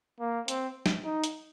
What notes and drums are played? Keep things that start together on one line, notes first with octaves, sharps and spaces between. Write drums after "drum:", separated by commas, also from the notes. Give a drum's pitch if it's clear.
A#3
C4, drum: hi-hat
drum: snare
D#4
drum: hi-hat